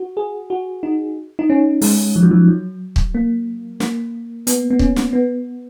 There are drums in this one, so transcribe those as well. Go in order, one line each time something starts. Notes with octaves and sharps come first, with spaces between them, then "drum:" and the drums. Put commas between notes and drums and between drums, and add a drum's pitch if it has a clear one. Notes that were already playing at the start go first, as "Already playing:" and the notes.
Already playing: F#4
G#4
F#4
D#4
D#4
C#4
G#3, drum: open hi-hat
F3
F#3
F3
F#3
drum: kick
A#3
A#3, drum: snare
B3, drum: hi-hat
B3
C#4, drum: kick
drum: snare
B3